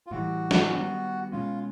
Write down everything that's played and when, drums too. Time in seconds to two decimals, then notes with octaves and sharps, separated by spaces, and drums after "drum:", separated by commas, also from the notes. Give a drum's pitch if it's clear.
0.07 F4
0.11 A2 E3 G3 F#4
0.51 drum: snare
0.72 D#3 G3 B3
1.32 B2 G#3 C#4 F4